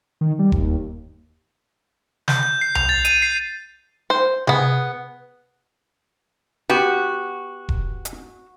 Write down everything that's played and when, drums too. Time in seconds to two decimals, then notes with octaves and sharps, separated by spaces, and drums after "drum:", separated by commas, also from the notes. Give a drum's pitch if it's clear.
0.21 D#3
0.39 G3
0.52 D#2, drum: kick E1
2.28 G6, drum: snare
2.43 G6
2.61 C7
2.75 F7, drum: tom C2
2.89 A6
3.05 D#7, drum: hi-hat
3.22 C7
4.10 C5
4.47 B3 G#4, drum: tom C3
6.70 B3 F#4 G4
7.69 drum: kick E1
8.05 drum: hi-hat